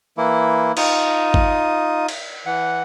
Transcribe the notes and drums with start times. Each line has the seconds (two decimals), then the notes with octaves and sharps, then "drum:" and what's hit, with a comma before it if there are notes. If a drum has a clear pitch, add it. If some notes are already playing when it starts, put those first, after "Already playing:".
0.17 E3 A#3 E4
0.77 D#4 F4 D#6, drum: cymbal
1.34 drum: kick G1
2.08 drum: cymbal
2.46 E3 F#5